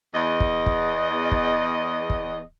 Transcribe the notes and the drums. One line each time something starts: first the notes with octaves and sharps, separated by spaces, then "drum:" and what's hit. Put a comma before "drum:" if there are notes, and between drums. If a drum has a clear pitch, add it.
E2 D#5
drum: kick
drum: kick
drum: kick
drum: kick